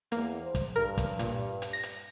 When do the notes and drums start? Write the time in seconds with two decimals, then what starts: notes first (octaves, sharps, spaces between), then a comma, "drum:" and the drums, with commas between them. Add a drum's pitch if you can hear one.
0.12 E2 A#3, drum: hi-hat
0.42 C5
0.55 drum: kick, hi-hat
0.76 G2 A#4
0.97 drum: kick, hi-hat
1.19 A#2, drum: hi-hat
1.62 drum: hi-hat
1.73 A#6
1.83 drum: hi-hat